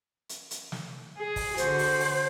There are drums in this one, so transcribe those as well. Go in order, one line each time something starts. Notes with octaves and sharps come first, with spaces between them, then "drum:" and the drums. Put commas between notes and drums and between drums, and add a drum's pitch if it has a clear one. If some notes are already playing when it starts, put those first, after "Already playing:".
drum: hi-hat
drum: hi-hat
drum: snare
G#4
drum: kick, open hi-hat
D3 F#4 C5, drum: hi-hat
drum: open hi-hat
drum: open hi-hat